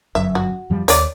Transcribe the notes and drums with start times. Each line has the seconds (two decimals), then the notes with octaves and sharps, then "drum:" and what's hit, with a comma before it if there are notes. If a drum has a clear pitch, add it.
0.15 G1 F#2 E5
0.35 F#4
0.70 F#2 F3 G3
0.88 D#2 C#5 D5, drum: hi-hat